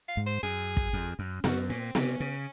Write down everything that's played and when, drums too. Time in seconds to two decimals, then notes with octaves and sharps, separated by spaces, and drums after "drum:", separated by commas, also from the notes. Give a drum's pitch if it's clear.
0.08 F5
0.17 G#2
0.26 C5
0.43 F#2 G#4
0.77 drum: kick
0.93 F2
1.19 F#2
1.44 F#2 F#4, drum: snare B3
1.69 A#2 C#4
1.79 C4
1.95 C3 C#4, drum: snare B3
2.20 C#3